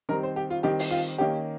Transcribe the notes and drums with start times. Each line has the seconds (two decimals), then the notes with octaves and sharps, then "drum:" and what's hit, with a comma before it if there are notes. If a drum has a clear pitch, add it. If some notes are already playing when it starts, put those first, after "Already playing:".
0.09 D#3 G3 C4 A#4
0.23 C5
0.36 G4
0.50 F4
0.63 D#3 G3 C4 G4
0.79 drum: open hi-hat
0.91 F4
1.18 D#3 A#3 C#4 G4